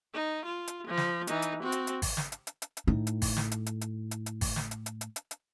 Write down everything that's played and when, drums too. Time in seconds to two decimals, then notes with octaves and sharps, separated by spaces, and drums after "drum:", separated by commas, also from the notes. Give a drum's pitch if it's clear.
0.14 D#4
0.45 F4
0.68 drum: hi-hat
0.87 F3
0.97 drum: snare
1.27 E3 D#4, drum: hi-hat
1.42 drum: hi-hat
1.62 C4 F#4
1.72 drum: hi-hat
1.87 drum: hi-hat
2.02 drum: kick G#1, open hi-hat
2.17 drum: snare
2.32 drum: hi-hat
2.47 drum: hi-hat
2.62 drum: hi-hat
2.77 drum: hi-hat
2.87 A2 D#4
3.07 drum: hi-hat
3.22 drum: kick G#1, open hi-hat
3.37 drum: snare
3.51 drum: hi-hat
3.66 drum: hi-hat
3.81 drum: hi-hat
4.11 drum: hi-hat
4.26 drum: hi-hat
4.41 drum: kick G#1, open hi-hat
4.56 drum: snare
4.71 drum: hi-hat
4.86 drum: hi-hat
5.01 drum: hi-hat
5.16 drum: hi-hat
5.31 drum: hi-hat